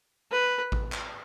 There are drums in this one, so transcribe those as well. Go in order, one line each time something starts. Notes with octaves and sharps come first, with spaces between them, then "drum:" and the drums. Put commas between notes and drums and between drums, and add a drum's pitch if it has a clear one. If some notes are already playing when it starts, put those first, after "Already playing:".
B4
drum: kick A1
drum: clap